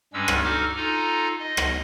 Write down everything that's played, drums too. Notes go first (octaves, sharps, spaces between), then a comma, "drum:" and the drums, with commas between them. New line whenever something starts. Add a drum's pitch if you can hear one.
G2 G3 G#3 C#4 E6
drum: rim click
D#4 F#4 A4 D6 F6
D#4 F4 A4 G#5 A#5
D#5
drum: rim click